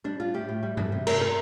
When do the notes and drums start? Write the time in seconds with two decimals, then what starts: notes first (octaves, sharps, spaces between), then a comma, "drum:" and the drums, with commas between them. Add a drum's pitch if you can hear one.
0.04 G3 D4
0.20 G3 F4
0.34 A2 G4
0.49 A2
0.63 G3
0.77 G3, drum: tom G2
0.92 C3
1.07 C3 A#4, drum: cymbal
1.21 A#4